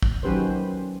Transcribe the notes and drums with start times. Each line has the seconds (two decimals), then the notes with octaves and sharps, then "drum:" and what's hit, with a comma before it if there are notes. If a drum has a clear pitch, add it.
0.03 drum: kick
0.23 D#3 F#3 C#4 G4 B4 C5